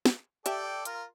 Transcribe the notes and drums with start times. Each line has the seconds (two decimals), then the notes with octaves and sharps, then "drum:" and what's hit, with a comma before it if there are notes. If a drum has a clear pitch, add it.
0.05 drum: snare
0.46 G4 A4 D5 E5 G5, drum: hi-hat
0.85 F4 A#4, drum: hi-hat